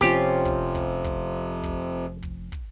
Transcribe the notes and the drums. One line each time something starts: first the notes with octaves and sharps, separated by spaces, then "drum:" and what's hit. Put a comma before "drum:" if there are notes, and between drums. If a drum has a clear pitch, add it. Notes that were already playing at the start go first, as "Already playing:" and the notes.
F1 F2 C3 F3 C4 C#4 F4 G4
drum: kick
drum: kick
drum: kick
drum: kick
drum: kick
drum: kick